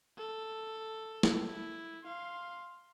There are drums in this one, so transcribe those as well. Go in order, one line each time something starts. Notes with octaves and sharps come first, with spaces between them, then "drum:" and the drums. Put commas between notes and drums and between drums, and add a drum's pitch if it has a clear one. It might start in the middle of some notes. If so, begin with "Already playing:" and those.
A4
drum: snare
E4
F5 C6